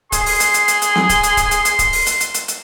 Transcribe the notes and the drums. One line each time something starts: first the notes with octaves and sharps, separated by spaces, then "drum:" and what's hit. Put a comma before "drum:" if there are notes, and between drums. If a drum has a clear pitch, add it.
G#4 C6, drum: kick C#1, hi-hat
drum: open hi-hat
drum: hi-hat
drum: hi-hat
drum: hi-hat
drum: hi-hat
drum: snare
drum: kick C#1, hi-hat
drum: hi-hat
drum: kick C#1, hi-hat
drum: hi-hat
drum: hi-hat
drum: kick C#1, hi-hat
drum: open hi-hat
drum: hi-hat
drum: hi-hat
drum: hi-hat
drum: hi-hat